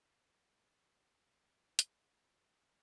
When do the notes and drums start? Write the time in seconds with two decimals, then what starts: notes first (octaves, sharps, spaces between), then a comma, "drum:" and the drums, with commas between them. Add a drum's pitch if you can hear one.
0.99 G3 C4 F4 G#4 D5 C7
1.31 C3 F#3 F#5 D7
1.79 drum: hi-hat
2.37 G2 D#3 B4 C5 G5